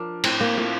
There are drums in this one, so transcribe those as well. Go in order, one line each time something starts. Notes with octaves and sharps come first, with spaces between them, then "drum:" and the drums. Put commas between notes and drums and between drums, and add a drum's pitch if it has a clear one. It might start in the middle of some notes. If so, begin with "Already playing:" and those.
Already playing: F3 D4 A#4
A2 C4, drum: cymbal
A#3
A3 F4